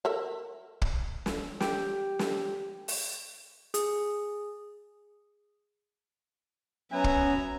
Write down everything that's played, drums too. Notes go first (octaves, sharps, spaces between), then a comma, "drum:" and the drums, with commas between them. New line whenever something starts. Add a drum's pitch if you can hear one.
A4 A#4 E5
drum: kick
drum: snare
G4 G5, drum: snare
drum: snare
drum: open hi-hat
G#4, drum: hi-hat
F#3 B3 C#4 B4 E5 G#5 A#5
drum: kick